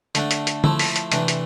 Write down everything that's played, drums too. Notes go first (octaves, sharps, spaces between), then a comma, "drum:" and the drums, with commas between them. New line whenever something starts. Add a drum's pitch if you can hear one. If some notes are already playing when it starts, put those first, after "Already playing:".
D3 A3 D4, drum: hi-hat
drum: hi-hat
drum: hi-hat
F3 A3 E4, drum: tom D3
drum: open hi-hat
drum: hi-hat
C3 E3 A3 D4, drum: hi-hat
drum: hi-hat